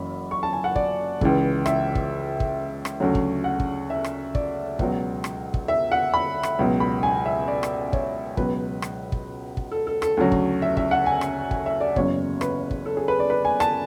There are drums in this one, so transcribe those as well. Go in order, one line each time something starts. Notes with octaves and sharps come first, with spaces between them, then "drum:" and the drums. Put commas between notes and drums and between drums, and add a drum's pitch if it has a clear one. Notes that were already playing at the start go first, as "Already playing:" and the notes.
Already playing: F#1 F#2 E3 B5
C#6
A5
G#5
F#5
D5, drum: kick
C#2 C#3 E3, drum: kick
E5, drum: rim click
drum: kick
drum: kick
drum: rim click
D2 C#3 F#3
drum: kick
F#5
drum: kick
E5
drum: rim click
D5, drum: kick
C#2 B2 F#3, drum: kick
drum: rim click
drum: kick
E5
F#5
B5
drum: rim click
C#2 B2 F#3
B5
G#5
E5
D5
drum: rim click
C#5, drum: kick
C#2 B2 F#3 B4, drum: kick
drum: rim click
drum: kick
drum: kick
A4
A4
A4, drum: rim click
D2 C#3 F#3
drum: kick
E5
E5, drum: kick
F#5
G#5
drum: rim click
G#5, drum: kick
E5
D5
F#1 E2 C#3 F#3 C#5, drum: kick
B4, drum: rim click
drum: kick
A4
G#4
B4
D5
B4
G#5
A5, drum: rim click